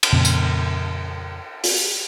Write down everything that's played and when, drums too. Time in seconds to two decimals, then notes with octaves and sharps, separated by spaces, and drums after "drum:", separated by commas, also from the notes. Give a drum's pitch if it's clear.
0.03 drum: cymbal
0.13 F2 A#2 C#3
0.25 drum: tambourine
1.64 drum: open hi-hat